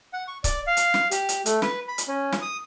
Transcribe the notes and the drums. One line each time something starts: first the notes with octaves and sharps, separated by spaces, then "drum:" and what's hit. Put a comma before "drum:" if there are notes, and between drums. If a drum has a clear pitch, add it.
F#5
C#6
D5, drum: kick C#1, hi-hat
F5
drum: hi-hat
drum: snare
G4, drum: hi-hat
drum: hi-hat
A3, drum: hi-hat
B4, drum: snare
B5
drum: hi-hat
C#4
drum: snare
D#6